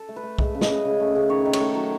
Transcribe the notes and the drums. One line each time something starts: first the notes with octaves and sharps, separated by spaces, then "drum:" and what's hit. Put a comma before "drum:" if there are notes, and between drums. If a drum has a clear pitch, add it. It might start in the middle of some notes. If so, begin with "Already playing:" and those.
Already playing: A4
A3
B4
A3
G#3 E5, drum: kick B1
C#3
D#5, drum: snare
C#3
C#3
A3
C#3
D#3 C#5
D#3
C#5, drum: cymbal
A3
F#3